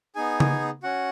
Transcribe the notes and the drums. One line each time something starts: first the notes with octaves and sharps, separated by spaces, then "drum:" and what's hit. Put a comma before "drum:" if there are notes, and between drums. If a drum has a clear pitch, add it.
B3 D#4 G#4 G#5
drum: tom C#3
C#4 F#4 F#5